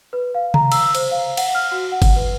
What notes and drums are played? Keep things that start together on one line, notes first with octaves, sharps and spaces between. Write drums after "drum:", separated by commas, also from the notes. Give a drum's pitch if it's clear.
B4
F5
A#5, drum: tom C3
E6, drum: cymbal
C5, drum: cymbal
F5
F#5, drum: cymbal
F6
F#4
F#5
drum: kick G1, cymbal
B4